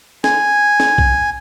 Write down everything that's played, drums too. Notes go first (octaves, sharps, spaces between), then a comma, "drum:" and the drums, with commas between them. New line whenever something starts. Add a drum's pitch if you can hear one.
G#5, drum: snare
drum: snare
drum: kick B1